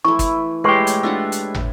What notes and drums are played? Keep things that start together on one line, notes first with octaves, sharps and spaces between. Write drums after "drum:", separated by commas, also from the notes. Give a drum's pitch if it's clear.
E3 A3 E4 C#6
drum: kick, hi-hat
A2 G#3 G4 B4 C6 C#6
drum: hi-hat
D4 F4 E5 F#5
drum: hi-hat
drum: tom